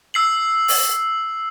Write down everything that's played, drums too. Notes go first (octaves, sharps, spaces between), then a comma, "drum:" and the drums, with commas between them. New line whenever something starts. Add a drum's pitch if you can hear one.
E6 C7 F#7
drum: open hi-hat